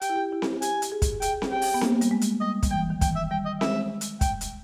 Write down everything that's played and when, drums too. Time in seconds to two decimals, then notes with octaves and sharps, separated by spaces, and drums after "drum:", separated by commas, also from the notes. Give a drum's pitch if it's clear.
0.02 G4 G5, drum: hi-hat
0.09 E4
0.16 G4
0.32 E4
0.42 drum: snare C4
0.62 G4 G#5, drum: hi-hat
0.82 drum: hi-hat
0.92 G#4
1.02 drum: kick, hi-hat
1.22 G#4 G5, drum: hi-hat
1.42 drum: snare C4
1.52 G4 G5
1.62 drum: open hi-hat
1.74 B3
1.81 A#3, drum: snare C4
2.01 G3, drum: hi-hat
2.11 G#3
2.21 drum: hi-hat
2.41 G3 D#5
2.63 G3, drum: kick, hi-hat
2.71 E3 G5
2.90 D#3
3.01 E3 G5, drum: kick, hi-hat
3.16 E5
3.31 G3 G5
3.46 D#5
3.61 G#3 E5, drum: snare C4
4.01 drum: hi-hat
4.21 G5, drum: kick, hi-hat
4.41 drum: hi-hat